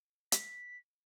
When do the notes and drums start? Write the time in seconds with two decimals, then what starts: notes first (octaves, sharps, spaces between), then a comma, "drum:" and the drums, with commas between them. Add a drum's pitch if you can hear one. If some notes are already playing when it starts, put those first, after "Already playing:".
0.32 B6, drum: hi-hat